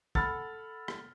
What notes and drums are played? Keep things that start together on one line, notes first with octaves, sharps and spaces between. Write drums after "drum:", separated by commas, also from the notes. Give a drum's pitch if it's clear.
A4 F#5 B5 F6 A6, drum: kick
drum: rim click